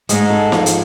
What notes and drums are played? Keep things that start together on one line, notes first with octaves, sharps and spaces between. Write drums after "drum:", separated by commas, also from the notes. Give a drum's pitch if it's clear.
G#2 G#3, drum: hi-hat
A4
F3, drum: snare
drum: hi-hat